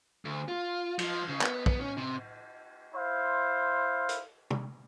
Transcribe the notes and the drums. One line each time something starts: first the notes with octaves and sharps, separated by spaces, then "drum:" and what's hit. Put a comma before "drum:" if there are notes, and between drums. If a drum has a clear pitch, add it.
D2
F4
F3, drum: cymbal
C#3
B3, drum: clap
B3, drum: kick
C#4
C3
E4 C5 F5 C6
drum: hi-hat
drum: tom